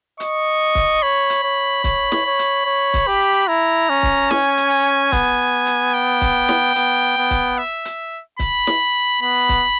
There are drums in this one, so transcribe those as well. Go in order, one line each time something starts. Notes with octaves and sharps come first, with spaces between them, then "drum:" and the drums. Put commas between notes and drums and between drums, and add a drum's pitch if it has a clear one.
D#5 C#6, drum: hi-hat
drum: kick
C#5 B5
drum: hi-hat
C#5
C#5, drum: kick, hi-hat
drum: snare
C#5
drum: hi-hat
C#5
drum: kick, hi-hat
G4
E4 A#5
C#4
drum: kick
G#5, drum: snare
drum: hi-hat
B3, drum: kick, hi-hat
drum: hi-hat
G5
drum: kick, hi-hat
drum: snare
B3, drum: hi-hat
B3
drum: kick, hi-hat
E5
drum: hi-hat
B5, drum: kick, hi-hat
drum: snare
B3 B5
drum: kick, hi-hat